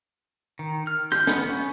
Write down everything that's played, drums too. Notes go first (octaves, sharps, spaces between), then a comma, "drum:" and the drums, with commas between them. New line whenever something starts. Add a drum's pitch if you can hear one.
D#3
F6
G6, drum: rim click
B3, drum: snare
C#4